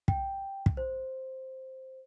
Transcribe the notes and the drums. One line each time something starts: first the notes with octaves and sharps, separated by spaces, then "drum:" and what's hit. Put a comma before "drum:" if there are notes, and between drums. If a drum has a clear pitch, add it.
G5, drum: kick
drum: kick
C5